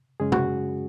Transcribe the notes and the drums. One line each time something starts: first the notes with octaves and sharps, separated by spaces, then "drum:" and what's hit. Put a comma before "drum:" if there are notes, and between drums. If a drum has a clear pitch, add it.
F#2 C#3 G#3 C#4 G#4
F#4, drum: tom C3